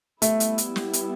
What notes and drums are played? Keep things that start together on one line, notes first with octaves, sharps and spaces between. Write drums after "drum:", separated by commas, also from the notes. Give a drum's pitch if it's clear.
G3 A3 B3 E4, drum: hi-hat
drum: hi-hat
drum: hi-hat
drum: snare
drum: hi-hat